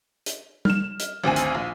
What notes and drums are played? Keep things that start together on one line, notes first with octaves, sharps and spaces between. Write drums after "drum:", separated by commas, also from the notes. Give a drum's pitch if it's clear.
drum: hi-hat
F6 E7, drum: tom G3
drum: hi-hat
G#1 D2 C4 G#5
drum: hi-hat
A#1